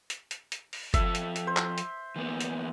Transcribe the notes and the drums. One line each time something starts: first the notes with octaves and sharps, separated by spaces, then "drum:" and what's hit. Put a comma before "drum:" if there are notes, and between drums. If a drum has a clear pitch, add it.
drum: hi-hat
drum: hi-hat
drum: hi-hat
drum: open hi-hat
F3 A4 E5, drum: kick F#1, hi-hat
drum: hi-hat
drum: hi-hat
C5
drum: clap
drum: hi-hat
E3 A#3 B3
drum: hi-hat